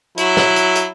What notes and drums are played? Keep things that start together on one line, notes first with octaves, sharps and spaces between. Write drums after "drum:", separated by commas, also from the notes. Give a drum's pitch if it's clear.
F#3 E4, drum: hi-hat
drum: snare
drum: hi-hat
drum: hi-hat